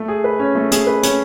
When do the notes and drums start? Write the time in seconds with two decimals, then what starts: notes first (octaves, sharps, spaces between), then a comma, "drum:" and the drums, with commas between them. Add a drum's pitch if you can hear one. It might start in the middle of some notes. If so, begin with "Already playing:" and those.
Already playing: A3
0.08 G#4
0.24 B4
0.39 C#4
0.55 A3
0.72 G#4, drum: hi-hat
0.87 B4
1.03 C#4, drum: hi-hat